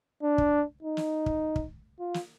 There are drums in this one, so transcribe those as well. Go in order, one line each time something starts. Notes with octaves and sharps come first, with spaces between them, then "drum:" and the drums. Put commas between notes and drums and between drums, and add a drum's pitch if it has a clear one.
D4
drum: kick
D#4
drum: snare
drum: kick
drum: kick
F4
drum: snare